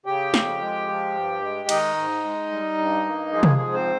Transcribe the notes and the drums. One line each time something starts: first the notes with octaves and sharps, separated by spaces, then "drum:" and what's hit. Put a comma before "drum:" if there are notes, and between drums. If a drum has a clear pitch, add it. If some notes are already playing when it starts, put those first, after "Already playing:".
C#3 G4 G5
F2, drum: snare
G#3
F3
G2
G#3
D#3 D#4 D#5, drum: cymbal
G#2
G#3
G3
G2
A#3
F3 G#3 G#4
drum: tom C3
G#2
C4 C5